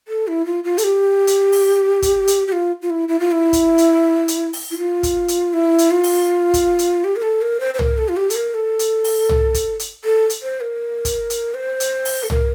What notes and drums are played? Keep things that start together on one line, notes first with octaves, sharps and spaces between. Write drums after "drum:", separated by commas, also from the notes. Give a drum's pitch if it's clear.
A4
E4
F4
F4
A4, drum: hi-hat
G4
drum: hi-hat
drum: open hi-hat
drum: kick, hi-hat
drum: hi-hat
G4
F4
F4
E4
E4
F4
E4
drum: kick, hi-hat
drum: hi-hat
drum: hi-hat
drum: open hi-hat
E4
F4
drum: kick, hi-hat
drum: hi-hat
E4
drum: hi-hat
F4
drum: open hi-hat
drum: kick, hi-hat
drum: hi-hat
G4
A#4
A4
A#4
C5
C5
A#4, drum: tom
A4
F4
G4
A4, drum: hi-hat
A#4
A4
drum: hi-hat
drum: open hi-hat
drum: tom
drum: kick, hi-hat
drum: hi-hat
A4
drum: hi-hat
C5
A#4
drum: kick, hi-hat
drum: hi-hat
C5
drum: hi-hat
drum: open hi-hat
A4
A#4, drum: tom